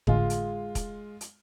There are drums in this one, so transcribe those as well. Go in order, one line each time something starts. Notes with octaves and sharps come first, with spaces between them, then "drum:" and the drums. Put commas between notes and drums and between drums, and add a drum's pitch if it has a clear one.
G#1 A2 D3 G#3 F4, drum: kick
drum: hi-hat
drum: kick, hi-hat
drum: hi-hat